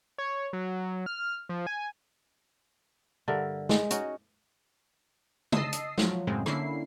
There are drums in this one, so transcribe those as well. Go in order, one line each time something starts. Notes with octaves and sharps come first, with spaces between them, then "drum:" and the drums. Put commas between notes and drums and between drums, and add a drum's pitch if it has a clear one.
C#5
F#3
F6
F3
G#5
G2 D3 A#4 E5
G#3, drum: snare
C#4 D#4 F#4, drum: hi-hat
D#5 A5 D#6 E6 C7, drum: tom
drum: hi-hat
F3 F#3, drum: snare
F#2 A2 C#3 G#3 C4
D3 A#3 C#4 E4 C7, drum: rim click